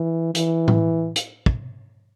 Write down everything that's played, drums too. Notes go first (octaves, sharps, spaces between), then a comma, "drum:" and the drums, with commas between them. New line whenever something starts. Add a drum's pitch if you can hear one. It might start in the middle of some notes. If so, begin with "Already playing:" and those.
Already playing: E3
E3, drum: hi-hat
drum: tom A2
drum: hi-hat
drum: kick